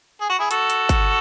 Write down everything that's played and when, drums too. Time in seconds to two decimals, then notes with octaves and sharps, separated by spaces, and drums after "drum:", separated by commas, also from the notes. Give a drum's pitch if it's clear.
0.21 G#4
0.30 F#4
0.39 E4 G#4
0.51 F#4 A4, drum: hi-hat
0.70 drum: hi-hat
0.89 drum: kick G1, hi-hat